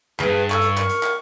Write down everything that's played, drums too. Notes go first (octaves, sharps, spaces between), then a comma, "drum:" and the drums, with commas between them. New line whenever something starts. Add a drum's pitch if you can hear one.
D2 G2 G#4 B4, drum: clap
A4 C#6, drum: clap
drum: hi-hat
A#4, drum: clap
drum: hi-hat
drum: clap